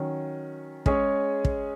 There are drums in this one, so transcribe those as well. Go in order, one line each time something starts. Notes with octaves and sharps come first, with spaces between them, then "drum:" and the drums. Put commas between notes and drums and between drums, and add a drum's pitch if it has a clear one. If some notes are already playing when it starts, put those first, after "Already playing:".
Already playing: D#3 F#3 C#4
G#3 C#4 G#4 C#5, drum: kick
drum: kick